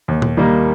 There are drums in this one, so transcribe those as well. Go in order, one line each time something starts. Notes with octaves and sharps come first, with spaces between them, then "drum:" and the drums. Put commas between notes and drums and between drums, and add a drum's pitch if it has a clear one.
D#2
drum: tom A#2
D#3 G3 A#3